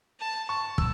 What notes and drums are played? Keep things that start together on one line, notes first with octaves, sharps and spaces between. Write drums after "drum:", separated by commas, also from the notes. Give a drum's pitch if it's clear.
A5
A5 C#6
E6, drum: kick